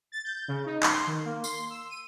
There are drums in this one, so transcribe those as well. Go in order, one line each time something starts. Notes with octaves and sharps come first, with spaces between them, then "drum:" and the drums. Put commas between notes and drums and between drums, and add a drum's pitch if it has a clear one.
A6
G6
C#3
D#4
C6, drum: clap
D#3
A#3
C6, drum: tambourine
E6
D#7